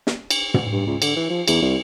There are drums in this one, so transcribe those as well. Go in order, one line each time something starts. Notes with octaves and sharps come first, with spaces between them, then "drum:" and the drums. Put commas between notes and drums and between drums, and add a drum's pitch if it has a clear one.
drum: snare
drum: cymbal
drum: tom
G2
C#2
D3, drum: cymbal
E3
F3
E2, drum: cymbal
C2